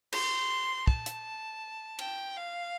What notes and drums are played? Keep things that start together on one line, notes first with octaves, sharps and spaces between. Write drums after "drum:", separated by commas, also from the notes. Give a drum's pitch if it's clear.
C6, drum: cymbal
A5, drum: kick
drum: hi-hat
G5, drum: cymbal
F5